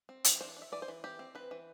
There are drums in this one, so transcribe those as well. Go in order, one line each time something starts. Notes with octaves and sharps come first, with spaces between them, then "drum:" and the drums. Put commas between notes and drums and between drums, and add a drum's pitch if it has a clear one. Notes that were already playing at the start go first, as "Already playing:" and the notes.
C4
E3, drum: hi-hat
D4 C5
D4
E5
E3 D5
C5
E3
C4 G4
C4
E3 B4
E3